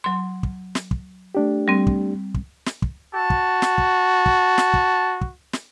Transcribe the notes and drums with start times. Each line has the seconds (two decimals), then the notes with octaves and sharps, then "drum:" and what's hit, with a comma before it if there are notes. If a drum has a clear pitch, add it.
0.04 F#3 C6
0.43 drum: kick
0.75 drum: snare
0.91 drum: kick
1.35 A3 D4 G4
1.68 G3 C4
1.87 drum: kick
2.34 drum: kick
2.66 drum: snare
2.82 drum: kick
3.14 F#4 A5
3.30 drum: kick
3.62 drum: snare
3.78 drum: kick
4.26 drum: kick
4.58 drum: snare
4.74 drum: kick
5.21 drum: kick
5.53 drum: snare